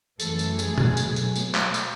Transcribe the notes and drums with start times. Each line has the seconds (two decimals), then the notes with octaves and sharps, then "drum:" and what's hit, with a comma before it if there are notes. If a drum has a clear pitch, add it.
0.20 F#2 E3 A3 A4, drum: tambourine
0.39 drum: tambourine
0.59 G#4, drum: tambourine
0.78 drum: tom
0.97 B2 F#3 A3, drum: tambourine
1.16 drum: tambourine
1.35 drum: tambourine
1.55 drum: clap
1.74 drum: tambourine